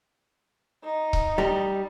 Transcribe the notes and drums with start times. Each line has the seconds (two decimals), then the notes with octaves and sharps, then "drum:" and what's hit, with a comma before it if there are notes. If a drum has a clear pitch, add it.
0.84 D#4
1.13 drum: kick C#1
1.38 G3 A#5